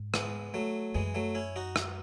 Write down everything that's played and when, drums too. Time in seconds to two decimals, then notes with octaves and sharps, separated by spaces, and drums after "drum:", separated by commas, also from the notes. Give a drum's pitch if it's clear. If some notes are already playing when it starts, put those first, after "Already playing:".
Already playing: G#2
0.14 G#3 B3, drum: rim click
0.54 F#3 A3
0.95 F#2 E3 G#3
1.14 F#3 A3
1.35 C#4 E4
1.56 D#4 F#4
1.76 drum: rim click